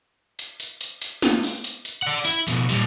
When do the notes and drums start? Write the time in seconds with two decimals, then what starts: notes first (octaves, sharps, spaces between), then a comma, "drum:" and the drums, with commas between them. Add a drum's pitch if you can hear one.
0.39 drum: hi-hat
0.60 drum: hi-hat
0.81 drum: hi-hat
1.02 drum: hi-hat
1.22 drum: snare
1.43 drum: open hi-hat
1.64 drum: hi-hat
1.85 drum: hi-hat
2.02 D5 F#5
2.25 E4, drum: hi-hat
2.48 F2 B2, drum: hi-hat
2.69 A#2 G3, drum: hi-hat